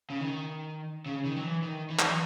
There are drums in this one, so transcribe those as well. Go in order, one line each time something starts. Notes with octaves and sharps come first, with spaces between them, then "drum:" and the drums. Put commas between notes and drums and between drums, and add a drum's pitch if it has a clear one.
C#3
D#3
C#3
D#3
F#3
E3
D#3
E3
F#3, drum: clap
E3